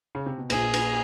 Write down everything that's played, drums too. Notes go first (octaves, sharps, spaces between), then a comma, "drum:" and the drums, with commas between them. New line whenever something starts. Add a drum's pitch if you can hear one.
C#3
C3
B2
A#1 A#2 G#4, drum: cymbal
drum: cymbal